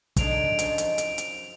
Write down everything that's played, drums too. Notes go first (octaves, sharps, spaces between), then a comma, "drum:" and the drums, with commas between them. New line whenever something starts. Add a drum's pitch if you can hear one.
D3 F3 G#3 D#4 G#4 D7 F7, drum: kick, hi-hat
D7 F7
D7 F7
F#2 F3 G#3 D#4, drum: hi-hat
drum: hi-hat
drum: hi-hat
drum: hi-hat